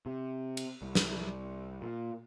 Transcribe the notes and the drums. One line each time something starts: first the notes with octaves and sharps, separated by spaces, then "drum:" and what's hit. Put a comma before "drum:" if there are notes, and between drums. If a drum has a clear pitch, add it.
C3
drum: cymbal
C2
drum: snare
A#2